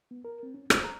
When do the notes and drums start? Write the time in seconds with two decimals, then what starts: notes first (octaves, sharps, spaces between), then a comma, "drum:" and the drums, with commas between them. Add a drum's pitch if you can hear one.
0.11 B3
0.25 A#4
0.43 C4
0.54 C#4
0.70 C5, drum: rim click
0.84 A#5